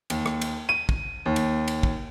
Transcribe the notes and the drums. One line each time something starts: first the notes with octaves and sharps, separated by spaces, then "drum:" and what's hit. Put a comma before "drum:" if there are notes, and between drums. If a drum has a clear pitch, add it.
D#2, drum: cymbal
drum: rim click
drum: cymbal
D#7
drum: kick
D#2
drum: cymbal
drum: cymbal
drum: kick